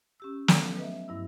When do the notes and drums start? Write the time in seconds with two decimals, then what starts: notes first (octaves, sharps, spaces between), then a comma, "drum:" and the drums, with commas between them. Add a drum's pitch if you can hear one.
0.20 C#4 G4 E6
0.48 F3 F#3 A3 B3, drum: snare
0.77 B4 D#5 E5
1.08 G2 E4 E6